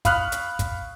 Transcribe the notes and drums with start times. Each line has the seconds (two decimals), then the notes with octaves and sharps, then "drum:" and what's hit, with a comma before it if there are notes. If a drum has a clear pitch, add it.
0.05 F5 B5 C#6 D#6 F6 F#6, drum: kick, hi-hat
0.32 drum: hi-hat
0.59 drum: kick, hi-hat